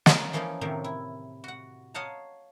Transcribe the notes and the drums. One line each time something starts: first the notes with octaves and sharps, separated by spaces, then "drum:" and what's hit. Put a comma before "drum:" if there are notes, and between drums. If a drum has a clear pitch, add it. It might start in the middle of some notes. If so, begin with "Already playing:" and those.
G#3 A#3 C#4 G#4 D#5, drum: snare
E3 F3 A#3 C#4 D#4 F4
A2 C3 D#3 F3 F#3
E4
F#4 F#5
C#5 D#5 F5 F#5 A5 A#5